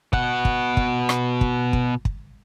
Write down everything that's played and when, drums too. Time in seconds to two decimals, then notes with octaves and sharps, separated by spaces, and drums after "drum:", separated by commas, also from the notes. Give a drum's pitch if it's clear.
0.13 B2 F#5, drum: kick
0.45 drum: kick
0.77 drum: kick
1.09 drum: rim click
1.41 drum: kick
1.73 drum: kick
2.05 drum: kick